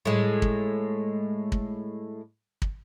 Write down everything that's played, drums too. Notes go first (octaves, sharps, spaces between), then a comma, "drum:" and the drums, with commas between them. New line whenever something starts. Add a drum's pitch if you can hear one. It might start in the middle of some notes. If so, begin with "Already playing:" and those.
A2 G#3
drum: kick
drum: kick
drum: kick